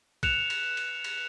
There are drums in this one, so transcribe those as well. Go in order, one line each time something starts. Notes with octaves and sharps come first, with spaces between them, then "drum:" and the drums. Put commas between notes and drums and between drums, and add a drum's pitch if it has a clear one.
F#6 C#7 E7 F7, drum: kick, cymbal
drum: cymbal
drum: cymbal
drum: cymbal